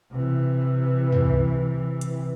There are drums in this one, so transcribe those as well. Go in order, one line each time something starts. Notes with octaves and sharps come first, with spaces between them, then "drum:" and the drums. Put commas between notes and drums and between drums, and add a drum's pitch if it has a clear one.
C3 E3
drum: tom
drum: hi-hat